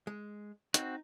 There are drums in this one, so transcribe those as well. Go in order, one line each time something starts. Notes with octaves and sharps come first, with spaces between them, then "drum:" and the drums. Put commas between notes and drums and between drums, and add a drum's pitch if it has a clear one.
G#3
C4 D#4 F#4, drum: hi-hat